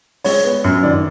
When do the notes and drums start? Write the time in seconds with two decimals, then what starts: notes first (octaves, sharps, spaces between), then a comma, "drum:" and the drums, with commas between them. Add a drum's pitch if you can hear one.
0.24 G#3 C#5, drum: open hi-hat
0.44 B3
0.64 F#2
0.83 D#3 D5